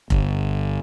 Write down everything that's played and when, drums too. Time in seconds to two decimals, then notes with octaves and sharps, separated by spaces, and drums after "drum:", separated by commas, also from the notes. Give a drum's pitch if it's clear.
0.10 G1, drum: kick F1